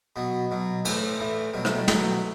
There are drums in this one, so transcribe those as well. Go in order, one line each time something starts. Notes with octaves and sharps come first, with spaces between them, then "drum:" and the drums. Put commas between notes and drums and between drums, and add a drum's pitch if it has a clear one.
B2 F#3 B3
B2 F#3
A2 E3 A3, drum: cymbal
A2 E3
B2 F#3 G3
A3, drum: rim click
G3
B2 F#3 A3, drum: snare